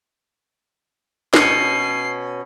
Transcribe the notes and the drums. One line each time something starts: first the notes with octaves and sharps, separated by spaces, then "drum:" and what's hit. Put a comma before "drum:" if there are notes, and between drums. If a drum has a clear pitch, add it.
B2 C#4 C7, drum: snare